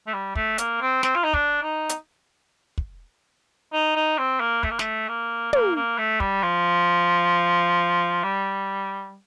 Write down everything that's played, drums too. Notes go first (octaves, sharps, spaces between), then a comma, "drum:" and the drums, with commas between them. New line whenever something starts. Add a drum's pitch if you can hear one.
A3
G3
A3, drum: kick
A#3, drum: hi-hat
C4
C4, drum: snare
F4
D#4
D4, drum: kick
D#4
drum: hi-hat
drum: kick
D#4
D#4
C4
A#3
A3, drum: kick
A#3
A3, drum: snare
A#3
A#3, drum: tom
A#3
A3
G3, drum: kick
F3
G3